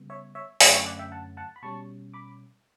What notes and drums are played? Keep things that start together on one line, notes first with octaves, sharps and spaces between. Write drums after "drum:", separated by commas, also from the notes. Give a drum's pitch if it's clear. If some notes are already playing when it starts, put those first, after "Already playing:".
Already playing: C#3 G3 B3
C#5 E5
C#5 E5
F#2 D3 A3 C#4 B4 D5, drum: open hi-hat
F#5
C#5 E5
D5 F#5
E5 G5
F#5 A5
F#5 A5
B5
B2 G3 C#4 A5 C#6
B5 D6